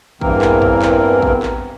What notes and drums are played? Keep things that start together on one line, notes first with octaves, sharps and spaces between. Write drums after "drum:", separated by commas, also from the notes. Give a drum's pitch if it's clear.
E2 G2 E3 A#3 C4 A#4, drum: kick
drum: clap
drum: kick
drum: clap
drum: kick
drum: clap